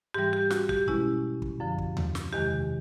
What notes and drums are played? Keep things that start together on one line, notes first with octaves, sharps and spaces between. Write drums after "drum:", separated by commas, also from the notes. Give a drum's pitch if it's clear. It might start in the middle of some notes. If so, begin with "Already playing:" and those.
G#2 E3 G3 G4
G4
F#4, drum: snare
G4, drum: kick
B2 G#3 C#4 E4, drum: kick
drum: kick
F#2 D3 F3
drum: kick
drum: tom D#2
drum: snare
E2 C3 D#3 G#3 G4